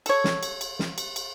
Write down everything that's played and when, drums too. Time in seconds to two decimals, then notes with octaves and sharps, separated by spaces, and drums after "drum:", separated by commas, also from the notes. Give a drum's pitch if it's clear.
0.06 A4 C#5, drum: cymbal
0.24 drum: snare
0.43 drum: cymbal
0.61 drum: cymbal
0.79 drum: snare
0.98 drum: cymbal
1.16 drum: cymbal